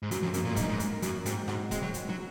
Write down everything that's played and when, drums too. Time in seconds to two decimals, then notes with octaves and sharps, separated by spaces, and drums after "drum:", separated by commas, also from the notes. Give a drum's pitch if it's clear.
0.03 G#2
0.11 F#2 F#3, drum: hi-hat
0.23 F2
0.34 F#2 A#3, drum: hi-hat
0.45 A#2
0.53 G#2
0.56 F#2 D#4, drum: kick C#1, hi-hat
0.68 G#2
0.80 A#3, drum: hi-hat
1.02 F#2 F#3, drum: hi-hat
1.26 G#2 C4, drum: hi-hat
1.48 G#2 F#4, drum: snare
1.71 G#3 C4, drum: kick C#1, hi-hat
1.83 F#3
1.94 G#3, drum: hi-hat
2.09 F#3